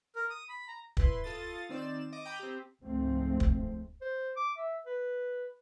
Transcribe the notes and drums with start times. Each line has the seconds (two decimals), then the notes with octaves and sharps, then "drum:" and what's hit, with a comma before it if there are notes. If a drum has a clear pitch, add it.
0.16 A#4
0.30 D#6
0.49 B5
0.68 A#5
0.97 E4 B4 C6, drum: kick
1.24 F4 A4 D#6 A6
1.69 D#3 C4 D5 E7
2.12 D#5 D6 D7
2.25 G5 A#5 B5 D6 D#6
2.39 C4 G4
2.82 C#2 G#2 F3 A3 C4
3.40 drum: kick
4.01 C5
4.36 D6
4.58 E5
4.86 B4